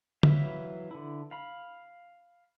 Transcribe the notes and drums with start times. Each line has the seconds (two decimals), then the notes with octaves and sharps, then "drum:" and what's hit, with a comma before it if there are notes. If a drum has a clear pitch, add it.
0.23 E3 F#3 B4 E5 F5, drum: tom
0.91 D3 E4
1.31 F5 B5